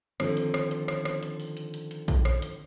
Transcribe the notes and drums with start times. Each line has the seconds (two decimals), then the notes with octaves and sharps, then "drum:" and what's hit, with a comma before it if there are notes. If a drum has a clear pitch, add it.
0.20 D3 D#3 F3 C4, drum: rim click
0.37 drum: hi-hat
0.54 drum: rim click
0.71 drum: hi-hat
0.88 drum: rim click
1.05 drum: rim click
1.22 drum: hi-hat
1.40 drum: open hi-hat
1.57 drum: hi-hat
1.74 drum: hi-hat
1.91 drum: hi-hat
2.08 drum: kick A#1, hi-hat
2.25 drum: rim click
2.42 drum: hi-hat